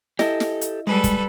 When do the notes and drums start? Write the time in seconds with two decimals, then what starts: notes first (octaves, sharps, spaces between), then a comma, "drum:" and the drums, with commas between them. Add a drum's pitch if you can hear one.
0.19 E4 G4 A4 D#5, drum: snare
0.40 drum: snare
0.61 drum: hi-hat
0.87 G3 G#3 A4 B4
1.04 drum: kick, hi-hat